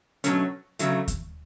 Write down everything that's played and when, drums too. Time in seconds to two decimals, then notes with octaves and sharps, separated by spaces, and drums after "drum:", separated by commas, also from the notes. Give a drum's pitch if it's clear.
0.24 B2 F#3 A3 C#4, drum: hi-hat
0.79 E2 C#3 F#3 A3, drum: hi-hat
1.08 drum: kick D#2, hi-hat